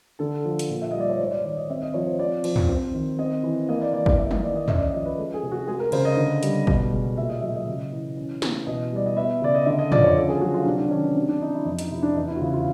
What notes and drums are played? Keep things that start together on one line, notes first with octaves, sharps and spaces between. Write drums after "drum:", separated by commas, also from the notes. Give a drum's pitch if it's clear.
D3 A4
F3
drum: hi-hat
A#2
E5
G3 D#5
D5
C#5
G#2 C5
C#5
D5
D#3 D5
D#5
C4 E5
D#5
F3 C#5
C5
C4 D5
F3, drum: cymbal
drum: tom
C4
D#3
C4 D#5
E3
A#3 D#5
D5
E3 D5
D5, drum: kick
A#3 E5
D#5, drum: tom
D#3 D5
D#5
C#4 E5, drum: tom
D5
D#5
F3 D#5
B4
G#3 A4
G#4
C3
F#4
G#3 G#4
A#4
C#3 C5, drum: cymbal
D#5
D3
G3, drum: hi-hat
B2, drum: kick
G#3
A#2 E5
D#5
F#3 E5
D#5
C#3
E3
C#4
E3, drum: snare
B2 D#5
G3 D5
D#5
B3 E5
C#3 D5
D#5
D3 E5
D#5
F3 D5, drum: tom
C#5
C#4 A4
G#4
F#3 F#4
F4
C3 D4
D4
D#3 C#4
C4 D4
D4
E3 D#4
E4
F2 D#4
D#4, drum: hi-hat
C3 E4
D4
E2 D#4
E4
F#4
C#3 F4
F4